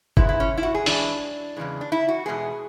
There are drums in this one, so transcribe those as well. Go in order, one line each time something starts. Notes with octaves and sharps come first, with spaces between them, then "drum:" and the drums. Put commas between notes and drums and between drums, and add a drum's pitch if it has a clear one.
G#2 G#3 B3 E4, drum: kick F#1
E4
C#4
E4
F#4
G#4
F#2 E3 G#3 D4, drum: open hi-hat
E2 C#3 E3 G#3
D4
E4
F#4
E2 B2 G#3 B3 G#4